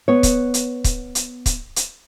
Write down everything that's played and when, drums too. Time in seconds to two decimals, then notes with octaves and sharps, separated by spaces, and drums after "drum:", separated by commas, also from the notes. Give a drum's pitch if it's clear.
0.08 B3 C#5
0.23 drum: kick, hi-hat
0.54 drum: hi-hat
0.84 drum: kick, hi-hat
1.15 drum: hi-hat
1.46 drum: kick, hi-hat
1.76 drum: hi-hat